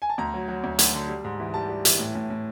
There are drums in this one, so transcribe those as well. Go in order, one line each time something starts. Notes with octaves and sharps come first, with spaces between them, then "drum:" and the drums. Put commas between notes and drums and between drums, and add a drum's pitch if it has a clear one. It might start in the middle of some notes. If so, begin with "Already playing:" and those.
G#5
A5
D2 A#5
F#3
F#3
D2
D2, drum: hi-hat
D3
G3
G#2
E3
G3 A5
G3
E3, drum: hi-hat
A2
A2
A2